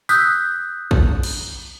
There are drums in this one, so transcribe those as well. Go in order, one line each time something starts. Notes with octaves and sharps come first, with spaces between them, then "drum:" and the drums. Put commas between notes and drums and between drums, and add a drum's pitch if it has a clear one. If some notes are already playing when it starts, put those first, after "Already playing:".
D#6 E6 F#6 G6 B6, drum: tambourine
drum: kick
drum: cymbal